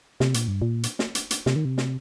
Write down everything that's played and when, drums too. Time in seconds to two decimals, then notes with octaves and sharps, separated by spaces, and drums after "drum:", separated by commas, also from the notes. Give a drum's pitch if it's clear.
0.20 C3, drum: snare
0.34 A#2, drum: hi-hat
0.48 G2
0.62 A#2
0.83 drum: hi-hat
0.99 drum: snare
1.15 drum: hi-hat
1.31 drum: hi-hat
1.46 C3, drum: snare
1.56 D#3
1.65 C3
1.78 drum: snare